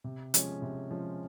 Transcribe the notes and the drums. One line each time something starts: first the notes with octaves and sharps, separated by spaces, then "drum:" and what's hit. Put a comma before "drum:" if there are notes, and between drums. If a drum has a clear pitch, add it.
C3
F3 G#3 C#4, drum: hi-hat
C3
F3 G#3 C#4